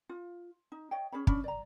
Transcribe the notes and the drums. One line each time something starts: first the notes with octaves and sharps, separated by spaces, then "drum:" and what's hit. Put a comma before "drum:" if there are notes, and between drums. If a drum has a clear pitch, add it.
F4
D#4
C#5 D#5 G5
C#4 G#4 C#5 B5
C#4 D4 B5, drum: kick
D5 A#5